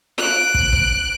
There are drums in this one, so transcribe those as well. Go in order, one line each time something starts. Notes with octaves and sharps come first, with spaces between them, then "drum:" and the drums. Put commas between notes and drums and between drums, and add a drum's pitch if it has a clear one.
F#6 D7, drum: snare F4
drum: kick
drum: kick